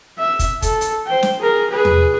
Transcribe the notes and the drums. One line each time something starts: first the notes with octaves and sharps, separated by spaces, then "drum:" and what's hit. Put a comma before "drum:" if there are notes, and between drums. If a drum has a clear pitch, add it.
E5
drum: kick, hi-hat
A4, drum: kick, hi-hat
drum: hi-hat
C5 G5
drum: snare
G#4 A#4
G#4 B4
drum: tom E2